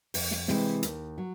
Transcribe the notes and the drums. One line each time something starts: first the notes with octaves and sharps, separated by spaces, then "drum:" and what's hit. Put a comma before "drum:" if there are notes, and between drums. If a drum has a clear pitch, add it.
F2, drum: open hi-hat
drum: snare
C3 E3 G#3 C4, drum: snare
D#2, drum: hi-hat
F#3